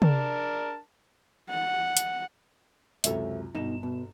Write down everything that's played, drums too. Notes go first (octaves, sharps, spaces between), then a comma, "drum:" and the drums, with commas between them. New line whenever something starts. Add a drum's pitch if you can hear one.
D4 A#4 A5, drum: tom
F#5
drum: hi-hat
C#2 F#2 C3 A4 C#5 E5, drum: hi-hat
G1 B2 D#4 E7
B2